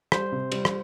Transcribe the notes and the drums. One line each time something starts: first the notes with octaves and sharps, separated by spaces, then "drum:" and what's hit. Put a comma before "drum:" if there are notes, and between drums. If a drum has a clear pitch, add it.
G3 C5, drum: rim click
C3
G3, drum: cymbal
drum: rim click